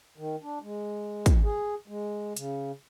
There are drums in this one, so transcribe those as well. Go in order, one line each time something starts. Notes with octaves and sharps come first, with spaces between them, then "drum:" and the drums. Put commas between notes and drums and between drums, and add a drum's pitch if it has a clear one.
D#3
D4
G#3
drum: kick, hi-hat
G#4
G#3
C#3, drum: hi-hat